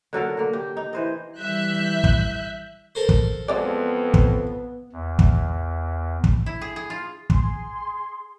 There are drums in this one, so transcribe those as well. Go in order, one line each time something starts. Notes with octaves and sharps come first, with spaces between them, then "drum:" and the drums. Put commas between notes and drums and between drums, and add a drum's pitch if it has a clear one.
D3 F#3 A4 A#4
D3 A#3
G4
D#4
E3 C5 D#5
E3 G3 E5 F#6 G6
drum: kick
A4 A#4 C5
drum: kick
F2 F#3 G#3 B3 D5
drum: kick
E2
drum: kick
drum: kick
E4
G#4
G#4
F4
G#4 C6, drum: kick